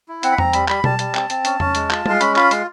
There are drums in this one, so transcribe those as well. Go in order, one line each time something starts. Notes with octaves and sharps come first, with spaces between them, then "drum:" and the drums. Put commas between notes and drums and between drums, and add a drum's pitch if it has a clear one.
E4
C4 F#5, drum: hi-hat
B5
C4 A#5, drum: tom E2
G3 B5, drum: hi-hat
G3 B5, drum: clap
G3 A5, drum: tom B2
G3, drum: hi-hat
C4, drum: clap
C4, drum: hi-hat
C#4, drum: hi-hat
C#4, drum: tom E2
G#3, drum: hi-hat
F4, drum: clap
G#3 C6, drum: tom
C#4 B5, drum: hi-hat
F4 B5, drum: clap
G#3 C6, drum: hi-hat